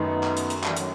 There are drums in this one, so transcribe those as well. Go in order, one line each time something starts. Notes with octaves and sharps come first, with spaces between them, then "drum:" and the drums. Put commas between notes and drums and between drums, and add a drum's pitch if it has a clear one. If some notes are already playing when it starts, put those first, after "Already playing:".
Already playing: F#2 D#3 A3 B3 D#4
drum: clap
drum: hi-hat
drum: hi-hat
E3 G3, drum: clap
D#3 F#3, drum: hi-hat